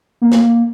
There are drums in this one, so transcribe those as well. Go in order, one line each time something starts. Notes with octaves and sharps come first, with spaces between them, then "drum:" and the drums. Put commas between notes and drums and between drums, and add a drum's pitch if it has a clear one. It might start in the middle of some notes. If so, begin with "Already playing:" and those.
A#3
drum: snare